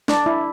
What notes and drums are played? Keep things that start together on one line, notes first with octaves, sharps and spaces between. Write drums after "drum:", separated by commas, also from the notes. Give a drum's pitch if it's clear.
D4, drum: snare
E4